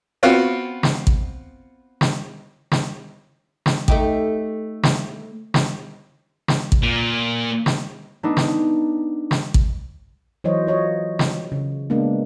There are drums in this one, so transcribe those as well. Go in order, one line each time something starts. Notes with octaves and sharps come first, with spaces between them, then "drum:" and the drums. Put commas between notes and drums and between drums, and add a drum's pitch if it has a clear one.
B3 C4 F4 F#4
drum: snare
drum: kick
drum: snare
drum: snare
drum: snare
A3 D#4 G4, drum: kick
drum: snare
drum: snare
drum: snare
drum: kick
A#2
drum: snare
A3 B3 D4 D#4
drum: snare
drum: snare
drum: kick
E3 F#3 C5 C#5 D#5
F4 C#5 D#5
drum: snare
C#3
C#3 G#3 A#3 B3 D4